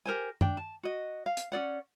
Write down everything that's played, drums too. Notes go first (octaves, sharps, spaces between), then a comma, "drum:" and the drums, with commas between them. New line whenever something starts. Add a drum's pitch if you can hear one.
G4 A#4 C5 G#5
D4 G5, drum: tom
A5
F#4 D#5
F5
drum: hi-hat
C#4 G#4 D5 F#5